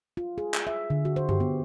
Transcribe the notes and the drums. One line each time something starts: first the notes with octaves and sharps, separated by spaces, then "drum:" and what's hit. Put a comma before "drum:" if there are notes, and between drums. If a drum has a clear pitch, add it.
F4
G#4
drum: clap
E5
D3
F#4
C5
G4, drum: tom G2
B3